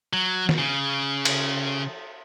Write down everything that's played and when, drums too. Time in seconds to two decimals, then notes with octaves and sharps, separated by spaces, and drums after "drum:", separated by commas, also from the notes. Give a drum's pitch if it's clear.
0.13 F#3
0.49 drum: snare
0.58 C#3
1.25 drum: cymbal